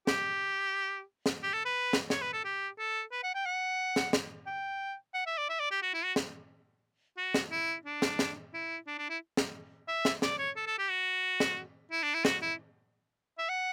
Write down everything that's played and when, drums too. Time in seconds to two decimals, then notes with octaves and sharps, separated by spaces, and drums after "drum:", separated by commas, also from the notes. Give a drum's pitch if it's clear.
0.07 G4, drum: snare
1.26 drum: snare
1.43 G4
1.53 A4
1.65 B4
1.93 drum: snare
2.10 C#5, drum: snare
2.21 B4
2.33 A4
2.44 G4
2.78 A4
3.12 B4
3.23 F#5
3.35 G5
3.46 F#5
3.96 drum: snare
4.13 drum: snare
4.46 G5
5.14 F#5
5.26 E5
5.38 D5
5.49 E5
5.60 D5
5.71 G4
5.82 F#4
5.94 E4
6.05 F#4
6.16 drum: snare
7.17 F#4
7.34 drum: snare
7.51 E4
7.85 D4
8.02 drum: snare
8.19 drum: snare
8.53 E4
8.87 D4
8.98 D4
9.09 E4
9.37 drum: snare
9.88 E5
10.05 drum: snare
10.22 D5, drum: snare
10.39 C#5
10.56 A4
10.67 A4
10.78 G4
10.90 F#4
11.40 drum: snare
11.91 E4
12.03 D4
12.14 E4
12.25 F#4, drum: snare
12.42 E4
13.38 E5
13.49 F#5